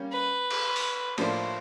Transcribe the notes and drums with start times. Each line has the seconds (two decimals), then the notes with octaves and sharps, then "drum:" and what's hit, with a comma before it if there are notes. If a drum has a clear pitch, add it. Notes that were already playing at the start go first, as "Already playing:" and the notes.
Already playing: G3 A#3 C#4
0.12 B4
0.50 drum: cymbal
0.76 drum: open hi-hat
1.18 A2 F3 A#3 D4 C5, drum: cymbal